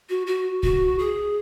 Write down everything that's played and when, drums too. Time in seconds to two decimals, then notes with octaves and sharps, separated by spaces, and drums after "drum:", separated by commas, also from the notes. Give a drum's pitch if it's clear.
0.09 F#4
0.27 F#4
0.63 F#4, drum: kick C2
0.99 G#4